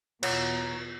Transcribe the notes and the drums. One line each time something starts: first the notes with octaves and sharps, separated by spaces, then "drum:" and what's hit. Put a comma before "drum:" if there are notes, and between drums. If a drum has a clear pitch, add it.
E2 B2 F4 C#5 F#5 A#5, drum: cymbal